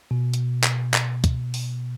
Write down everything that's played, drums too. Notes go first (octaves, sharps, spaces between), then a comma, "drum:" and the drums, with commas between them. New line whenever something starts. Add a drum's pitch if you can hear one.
B2
drum: hi-hat
drum: clap
drum: clap
drum: kick, hi-hat
drum: open hi-hat